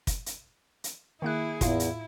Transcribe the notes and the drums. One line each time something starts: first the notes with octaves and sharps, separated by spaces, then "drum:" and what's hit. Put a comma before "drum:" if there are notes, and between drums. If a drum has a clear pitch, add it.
drum: kick, hi-hat
drum: hi-hat
drum: hi-hat
D#3 A#3 E4 G#4 F#6
E2 A2 E4 F4 F5, drum: kick, hi-hat
drum: hi-hat